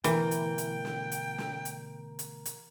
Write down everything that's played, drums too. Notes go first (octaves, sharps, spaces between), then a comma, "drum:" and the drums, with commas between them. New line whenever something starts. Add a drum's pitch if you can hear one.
B2 D3 E3 A3 A#4 G5, drum: hi-hat
drum: hi-hat
drum: hi-hat
drum: snare
drum: hi-hat
drum: snare
drum: hi-hat
drum: hi-hat
drum: hi-hat